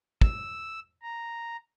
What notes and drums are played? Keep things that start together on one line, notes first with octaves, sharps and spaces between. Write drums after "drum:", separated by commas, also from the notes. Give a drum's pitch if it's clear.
E6, drum: kick
A#5